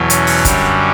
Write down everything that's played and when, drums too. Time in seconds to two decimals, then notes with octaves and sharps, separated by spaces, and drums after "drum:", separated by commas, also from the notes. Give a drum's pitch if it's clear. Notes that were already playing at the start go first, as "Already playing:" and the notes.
Already playing: E2 B2 F#3
0.10 C#4, drum: hi-hat
0.27 drum: open hi-hat
0.45 F#2 D3 G3, drum: kick, hi-hat